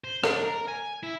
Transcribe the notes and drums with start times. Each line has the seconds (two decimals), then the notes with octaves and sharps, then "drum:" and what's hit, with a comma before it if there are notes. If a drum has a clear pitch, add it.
0.04 C5
0.24 D4, drum: rim click
0.43 A#4
0.68 G#5
1.03 E4